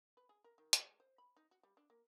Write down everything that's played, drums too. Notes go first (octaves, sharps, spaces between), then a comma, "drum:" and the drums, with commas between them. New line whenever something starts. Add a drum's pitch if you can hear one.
B4
G#4
A#4
D#3
G#3, drum: hi-hat
C5
B5
D#4
F#4
G3
D4
A#3